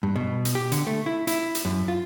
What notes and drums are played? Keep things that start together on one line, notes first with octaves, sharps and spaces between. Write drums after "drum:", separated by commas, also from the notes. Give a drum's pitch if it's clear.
G2
B2
drum: hi-hat
G4
D3, drum: hi-hat
A3
E4
E4, drum: hi-hat
drum: hi-hat
F#2
F4